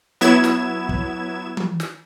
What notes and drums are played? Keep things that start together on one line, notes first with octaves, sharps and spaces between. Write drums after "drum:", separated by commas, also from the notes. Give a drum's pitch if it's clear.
F#3 B3 E4 G#6 E7
drum: snare
drum: kick
drum: tom
drum: snare